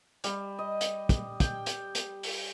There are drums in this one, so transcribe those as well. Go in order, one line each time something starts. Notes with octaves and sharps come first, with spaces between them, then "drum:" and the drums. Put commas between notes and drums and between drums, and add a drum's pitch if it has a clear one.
G3, drum: hi-hat
D#5
drum: hi-hat
drum: kick, hi-hat
G5, drum: kick, hi-hat
drum: hi-hat
drum: hi-hat
drum: open hi-hat